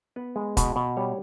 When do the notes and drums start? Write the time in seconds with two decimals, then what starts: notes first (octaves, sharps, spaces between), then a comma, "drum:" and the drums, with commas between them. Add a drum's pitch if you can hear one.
0.16 B3 B4
0.36 G#3
0.57 B2, drum: kick, hi-hat
0.76 B2
0.97 G3 C#5